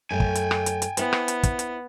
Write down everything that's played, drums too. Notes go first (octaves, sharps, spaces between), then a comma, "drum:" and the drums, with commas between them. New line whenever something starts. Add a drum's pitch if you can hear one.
F#2 A3 G5 G#5
drum: kick
drum: hi-hat
drum: rim click
drum: hi-hat
drum: hi-hat
B3 E4 C5, drum: hi-hat
drum: rim click
drum: hi-hat
drum: kick, hi-hat
drum: hi-hat